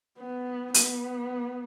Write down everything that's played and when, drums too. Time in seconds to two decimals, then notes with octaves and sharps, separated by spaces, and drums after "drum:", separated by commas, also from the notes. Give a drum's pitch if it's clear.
0.18 B3
0.74 B3, drum: hi-hat